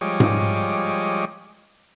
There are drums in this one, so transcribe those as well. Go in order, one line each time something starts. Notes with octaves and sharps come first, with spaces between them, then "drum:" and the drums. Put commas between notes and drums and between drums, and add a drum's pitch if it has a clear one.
F3 G3 G#3 C#5 D#5 D6
drum: tom G#2